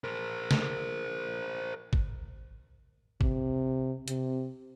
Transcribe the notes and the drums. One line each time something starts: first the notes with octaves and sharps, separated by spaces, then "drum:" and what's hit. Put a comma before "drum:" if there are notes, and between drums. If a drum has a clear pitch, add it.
A#4 C5
drum: snare
drum: kick
C3, drum: kick
C3, drum: hi-hat